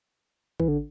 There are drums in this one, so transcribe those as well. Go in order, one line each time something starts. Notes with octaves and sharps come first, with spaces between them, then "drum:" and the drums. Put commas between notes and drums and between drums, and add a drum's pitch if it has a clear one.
E3, drum: kick
D3